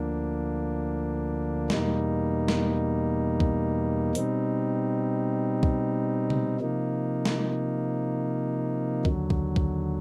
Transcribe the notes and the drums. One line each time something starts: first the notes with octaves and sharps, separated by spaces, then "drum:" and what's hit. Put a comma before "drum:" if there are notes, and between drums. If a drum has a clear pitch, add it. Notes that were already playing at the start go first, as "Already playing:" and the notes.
Already playing: D2 D3 F3 A#3 D4
E2 B2 G3 A#3 D#4, drum: snare
drum: snare
drum: kick B1
B2 G3 C4 D#4, drum: hi-hat
drum: kick B1
drum: tom C3
C3 F3 A#3 D#4
drum: snare
D#2 D3 F#3, drum: kick B1
drum: kick B1
drum: kick B1